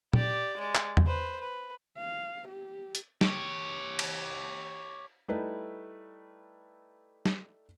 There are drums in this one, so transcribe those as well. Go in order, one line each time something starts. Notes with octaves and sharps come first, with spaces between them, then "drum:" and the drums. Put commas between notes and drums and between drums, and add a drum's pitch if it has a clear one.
G4 D5, drum: tom A#2
G#3 D5
drum: clap
drum: tom E2
B4 C5
B4
F5
G4
drum: hi-hat
G4 C#5, drum: snare
drum: cymbal
G3 A3 D#4 E4 B4
drum: snare